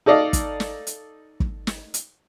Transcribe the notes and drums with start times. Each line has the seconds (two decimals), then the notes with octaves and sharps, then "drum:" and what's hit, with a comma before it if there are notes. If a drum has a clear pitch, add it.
0.06 D#4 A4 D5 D#5 F5
0.33 drum: kick, hi-hat
0.60 drum: snare
0.87 drum: hi-hat
1.40 drum: kick
1.67 drum: snare
1.94 drum: hi-hat